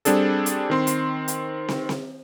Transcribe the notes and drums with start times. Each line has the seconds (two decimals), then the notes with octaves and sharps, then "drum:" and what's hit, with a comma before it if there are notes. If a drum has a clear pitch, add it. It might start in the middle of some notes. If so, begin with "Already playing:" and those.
0.05 G3 C4 D4 G#4 A4, drum: hi-hat
0.46 drum: hi-hat
0.70 D#3 C4 C6
0.87 drum: hi-hat
1.28 drum: hi-hat
1.68 drum: snare
1.89 drum: snare